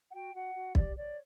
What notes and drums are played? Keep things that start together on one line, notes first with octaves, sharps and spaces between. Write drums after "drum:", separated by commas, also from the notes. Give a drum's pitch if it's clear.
F#5
F#4 G5
F#4 F#5
F#4
G4 D5, drum: kick
C#5 D5